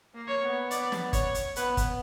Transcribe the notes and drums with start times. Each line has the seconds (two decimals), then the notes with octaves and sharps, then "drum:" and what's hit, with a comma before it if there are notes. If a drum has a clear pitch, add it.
0.14 A#3
0.28 C#5
0.42 B3
0.71 D5, drum: hi-hat
0.92 drum: snare
1.13 C#5, drum: kick, hi-hat
1.35 drum: hi-hat
1.56 B3 B4, drum: hi-hat
1.77 drum: kick, hi-hat